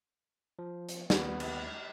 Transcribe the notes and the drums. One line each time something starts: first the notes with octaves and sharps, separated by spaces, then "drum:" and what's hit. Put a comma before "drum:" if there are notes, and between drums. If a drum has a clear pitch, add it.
F3
drum: hi-hat
D#2 B3, drum: snare
drum: cymbal